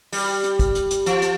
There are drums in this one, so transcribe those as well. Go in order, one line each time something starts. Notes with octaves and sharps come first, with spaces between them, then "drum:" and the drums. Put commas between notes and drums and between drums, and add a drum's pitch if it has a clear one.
G3, drum: open hi-hat
drum: hi-hat
drum: kick, hi-hat
drum: hi-hat
drum: hi-hat
F3, drum: hi-hat
drum: hi-hat